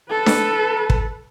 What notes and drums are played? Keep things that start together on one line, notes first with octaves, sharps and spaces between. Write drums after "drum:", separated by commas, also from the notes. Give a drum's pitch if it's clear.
A4 B4
drum: snare D4
drum: kick